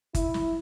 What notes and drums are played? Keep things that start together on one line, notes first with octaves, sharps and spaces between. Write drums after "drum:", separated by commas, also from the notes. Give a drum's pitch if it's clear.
E4, drum: kick G1, hi-hat
drum: snare